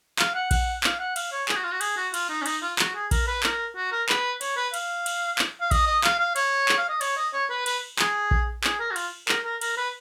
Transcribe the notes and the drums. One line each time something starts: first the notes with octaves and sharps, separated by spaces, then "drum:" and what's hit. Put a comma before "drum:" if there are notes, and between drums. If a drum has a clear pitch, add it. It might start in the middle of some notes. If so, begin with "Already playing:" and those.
F5, drum: clap
F#5
F#5, drum: kick A#1, cymbal
F5, drum: clap
F#5
F5, drum: cymbal
C#5
G#4, drum: clap
F#4
F4
F#4
G#4, drum: cymbal
F#4
F4, drum: cymbal
D#4
C#4
D#4, drum: cymbal
F4
F#4, drum: clap
G#4
A#4, drum: kick A#1, cymbal
B4
A#4, drum: clap
F#4
A#4
B4, drum: clap
C#5, drum: cymbal
B4
F5, drum: cymbal
drum: cymbal
drum: clap
F5
D#5, drum: kick A#1, cymbal
D#5
F5, drum: clap
F5
C#5, drum: cymbal
drum: clap
F5
D#5
C#5, drum: cymbal
D#5
C#5
B4
B4, drum: cymbal
G#4, drum: clap
drum: kick A#1
G#4, drum: clap
A#4
F#4
F4, drum: cymbal
A#4, drum: clap
A#4
A#4, drum: cymbal
B4